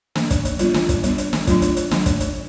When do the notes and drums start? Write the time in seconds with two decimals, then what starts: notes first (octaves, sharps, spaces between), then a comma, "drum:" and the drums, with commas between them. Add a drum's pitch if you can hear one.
0.15 F3 A#3 D4, drum: snare
0.31 drum: kick, hi-hat
0.45 drum: hi-hat
0.59 G3 B3 D4 F4, drum: hi-hat
0.74 drum: snare
0.89 drum: kick, hi-hat
1.04 G3 B3 D4, drum: hi-hat
1.18 drum: hi-hat
1.33 drum: snare
1.47 F#3 A3 D4 F4, drum: kick, hi-hat
1.62 drum: hi-hat
1.77 drum: hi-hat
1.91 F#3 A3 D4, drum: snare
2.06 drum: kick, hi-hat
2.20 drum: hi-hat